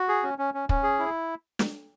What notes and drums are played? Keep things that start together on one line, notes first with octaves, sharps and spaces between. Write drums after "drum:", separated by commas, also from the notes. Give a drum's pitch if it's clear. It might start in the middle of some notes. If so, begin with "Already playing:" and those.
Already playing: F#4
G#4
C#4
C#4
C#4
C#4, drum: kick
G#4
E4
drum: snare